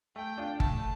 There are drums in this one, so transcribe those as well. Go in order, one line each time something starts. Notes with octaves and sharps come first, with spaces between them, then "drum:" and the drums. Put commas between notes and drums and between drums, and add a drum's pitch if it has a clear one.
A3 G5
D4 F4
A3 A5, drum: kick G1